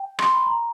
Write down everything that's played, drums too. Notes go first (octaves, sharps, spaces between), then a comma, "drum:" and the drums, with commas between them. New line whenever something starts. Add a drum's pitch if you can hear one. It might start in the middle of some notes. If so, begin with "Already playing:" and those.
Already playing: G5
C6, drum: rim click
B5
A#5